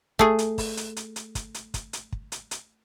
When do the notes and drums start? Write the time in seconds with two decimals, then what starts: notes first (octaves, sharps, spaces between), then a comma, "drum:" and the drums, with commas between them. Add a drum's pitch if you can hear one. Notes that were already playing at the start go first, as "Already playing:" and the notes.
0.19 A3 G#4, drum: kick
0.39 drum: hi-hat
0.58 drum: kick, open hi-hat
0.77 drum: hi-hat
0.97 drum: hi-hat
1.16 drum: hi-hat
1.35 drum: kick, hi-hat
1.54 drum: hi-hat
1.74 drum: kick, hi-hat
1.93 drum: hi-hat
2.12 drum: kick
2.32 drum: hi-hat
2.51 drum: hi-hat